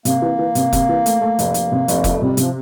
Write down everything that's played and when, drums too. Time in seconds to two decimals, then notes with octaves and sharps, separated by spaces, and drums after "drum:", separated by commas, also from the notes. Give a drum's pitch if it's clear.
0.05 C3 A#3, drum: hi-hat
0.22 E3
0.39 E3
0.55 C3, drum: hi-hat
0.73 C3, drum: kick F1, hi-hat
0.89 E3
1.06 A3, drum: hi-hat
1.21 A3
1.39 F1, drum: hi-hat
1.54 F1, drum: hi-hat
1.72 C3
1.88 F1, drum: hi-hat
2.04 F2 A3, drum: kick F1, hi-hat
2.21 C3 G3
2.37 C3 F3, drum: hi-hat